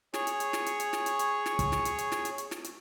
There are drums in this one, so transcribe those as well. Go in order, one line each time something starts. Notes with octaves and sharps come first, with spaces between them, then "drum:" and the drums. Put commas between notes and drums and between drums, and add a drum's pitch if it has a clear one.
G#4 C#5 C#6, drum: snare
drum: hi-hat
drum: hi-hat
drum: snare
drum: hi-hat
drum: hi-hat
drum: snare
drum: hi-hat
drum: hi-hat
drum: snare
drum: kick, hi-hat
drum: snare
drum: hi-hat
drum: hi-hat
drum: snare
drum: hi-hat
drum: hi-hat
drum: snare
drum: hi-hat